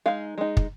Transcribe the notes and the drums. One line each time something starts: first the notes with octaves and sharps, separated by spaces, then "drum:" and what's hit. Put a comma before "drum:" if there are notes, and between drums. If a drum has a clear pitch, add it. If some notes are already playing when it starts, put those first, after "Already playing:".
G#3 D#4 F5
G#3 D#4
drum: kick